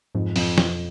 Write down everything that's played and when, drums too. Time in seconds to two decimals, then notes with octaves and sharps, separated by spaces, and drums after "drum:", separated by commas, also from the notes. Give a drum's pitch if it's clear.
0.14 F2 G#2
0.36 F2, drum: open hi-hat
0.58 F2, drum: snare